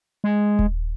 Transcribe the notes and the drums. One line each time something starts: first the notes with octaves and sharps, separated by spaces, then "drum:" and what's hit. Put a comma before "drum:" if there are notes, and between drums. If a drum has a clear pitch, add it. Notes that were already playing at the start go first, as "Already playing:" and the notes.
G#3
drum: kick D#1